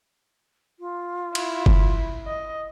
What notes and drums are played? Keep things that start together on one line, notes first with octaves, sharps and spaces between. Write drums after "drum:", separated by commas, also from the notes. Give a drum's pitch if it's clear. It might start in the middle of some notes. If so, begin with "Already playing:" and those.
F4
E4, drum: cymbal
drum: kick F#1
D#5